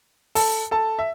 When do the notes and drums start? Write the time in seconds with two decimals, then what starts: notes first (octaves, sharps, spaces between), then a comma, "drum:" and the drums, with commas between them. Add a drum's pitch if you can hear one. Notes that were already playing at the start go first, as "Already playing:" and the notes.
0.35 A4 A5, drum: open hi-hat
0.71 A4 A5
0.99 E5